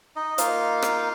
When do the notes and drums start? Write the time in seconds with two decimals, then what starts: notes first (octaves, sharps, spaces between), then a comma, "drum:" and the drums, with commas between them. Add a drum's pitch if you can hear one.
0.16 D#4 D#5
0.38 A#3 D#4 F4 F5, drum: hi-hat
0.82 drum: rim click